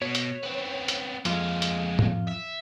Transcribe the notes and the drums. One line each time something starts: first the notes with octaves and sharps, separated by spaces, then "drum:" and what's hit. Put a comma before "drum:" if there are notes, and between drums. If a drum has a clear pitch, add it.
B2 C#5
drum: hi-hat
B3 C4
drum: hi-hat
F2 A#2 G#3 F4, drum: hi-hat
drum: hi-hat
drum: tom A2
E5